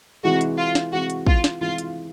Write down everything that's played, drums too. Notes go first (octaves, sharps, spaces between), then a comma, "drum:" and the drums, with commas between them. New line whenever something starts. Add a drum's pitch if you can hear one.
C3 E3 G#3 F#4
drum: hi-hat
F4
drum: snare
C3 E3 G#3 F#4
drum: hi-hat
F4, drum: kick
drum: snare
C3 E3 G#3 F4
drum: hi-hat